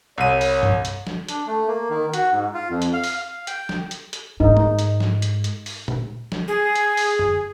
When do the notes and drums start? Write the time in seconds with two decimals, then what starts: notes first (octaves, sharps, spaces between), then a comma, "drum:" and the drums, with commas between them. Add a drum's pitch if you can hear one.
0.18 C2 C#5 D#7
0.41 drum: open hi-hat
0.63 drum: tom G2
0.85 drum: hi-hat
1.07 drum: snare
1.29 D4, drum: hi-hat
1.47 A3
1.68 A#3
1.90 D#3
2.14 F#4, drum: hi-hat
2.32 G#2
2.54 F4
2.70 F2
2.82 drum: hi-hat
2.93 F5
3.04 drum: open hi-hat
3.18 F5
3.47 G5, drum: hi-hat
3.69 drum: snare
3.91 drum: hi-hat
4.13 drum: hi-hat
4.40 G#2 D#4
4.57 drum: tom G#3
4.79 drum: hi-hat
5.00 drum: snare
5.22 drum: hi-hat
5.44 drum: hi-hat
5.66 drum: open hi-hat
5.88 drum: tom A#2
6.32 drum: snare
6.48 G#4
6.75 drum: hi-hat
6.97 drum: open hi-hat
7.19 drum: tom F#2